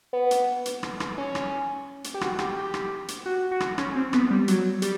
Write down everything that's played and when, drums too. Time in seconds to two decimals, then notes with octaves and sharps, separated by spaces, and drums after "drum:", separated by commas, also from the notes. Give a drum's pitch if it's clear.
0.13 B3
0.31 drum: hi-hat
0.66 drum: hi-hat
0.83 drum: rim click
1.00 drum: rim click
1.18 C#4
1.35 drum: rim click
2.04 drum: hi-hat
2.14 G4
2.21 F#4, drum: rim click
2.39 G4, drum: rim click
2.57 G4
2.74 drum: rim click
3.08 drum: hi-hat
3.26 F#4
3.51 F#4
3.60 drum: rim click
3.78 C#4, drum: rim click
3.95 C4
4.13 B3, drum: rim click
4.30 G3
4.48 F#3, drum: hi-hat
4.82 G3, drum: hi-hat